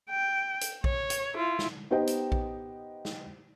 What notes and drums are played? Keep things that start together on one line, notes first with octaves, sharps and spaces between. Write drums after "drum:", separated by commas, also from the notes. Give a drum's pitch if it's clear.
G5
drum: hi-hat
C#5, drum: kick A#1
drum: hi-hat
E4 F4
drum: snare
B3 D#4 G4 C5 D#5 G5
drum: hi-hat
drum: kick A#1
drum: snare